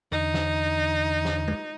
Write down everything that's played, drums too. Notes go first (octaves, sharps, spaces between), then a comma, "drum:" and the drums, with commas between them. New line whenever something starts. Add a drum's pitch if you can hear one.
E2 D3 D#4
drum: snare
drum: snare
drum: tom